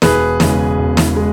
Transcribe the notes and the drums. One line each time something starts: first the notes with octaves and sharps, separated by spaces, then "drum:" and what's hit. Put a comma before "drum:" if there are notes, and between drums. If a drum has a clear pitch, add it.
E1 G#4 B4, drum: snare
E2 C#3 G#3, drum: snare
E1
drum: snare
G#3